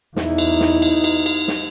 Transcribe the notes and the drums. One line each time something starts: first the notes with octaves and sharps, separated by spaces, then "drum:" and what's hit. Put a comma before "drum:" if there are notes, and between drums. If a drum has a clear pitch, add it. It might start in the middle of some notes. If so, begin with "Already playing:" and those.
E2 D#4 E4, drum: snare
drum: cymbal
drum: snare
drum: cymbal
drum: cymbal
drum: cymbal
drum: snare